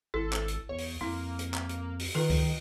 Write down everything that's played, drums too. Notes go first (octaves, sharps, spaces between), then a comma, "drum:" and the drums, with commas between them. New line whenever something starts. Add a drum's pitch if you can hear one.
G#1 E4 A4
drum: clap
drum: hi-hat
E2 C#5
drum: open hi-hat
F2 A#3 E4
drum: hi-hat
drum: clap
drum: hi-hat
drum: open hi-hat
D#3 F4 A4 B4
drum: kick C#2, open hi-hat